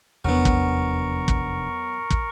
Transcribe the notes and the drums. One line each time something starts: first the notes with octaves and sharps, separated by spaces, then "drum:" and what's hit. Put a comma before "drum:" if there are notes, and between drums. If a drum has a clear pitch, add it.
F1 E2 F#3 B3 D4 A#4 C#6
drum: kick
drum: kick
drum: kick